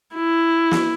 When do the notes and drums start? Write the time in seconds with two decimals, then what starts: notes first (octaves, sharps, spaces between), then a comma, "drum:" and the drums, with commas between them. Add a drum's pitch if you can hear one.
0.15 E4
0.71 drum: snare